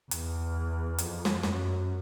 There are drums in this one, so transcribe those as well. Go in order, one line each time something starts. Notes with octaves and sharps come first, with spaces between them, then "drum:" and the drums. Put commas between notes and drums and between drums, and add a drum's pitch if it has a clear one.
E2, drum: hi-hat
F2, drum: hi-hat
drum: snare
F#2, drum: snare